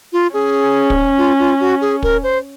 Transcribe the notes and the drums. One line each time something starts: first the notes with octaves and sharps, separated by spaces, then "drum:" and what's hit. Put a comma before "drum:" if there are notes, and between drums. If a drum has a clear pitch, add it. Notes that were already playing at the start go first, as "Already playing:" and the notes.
F4
C#4 G#4
drum: kick
F4
F4
F#4
G#4
A#4, drum: kick
C5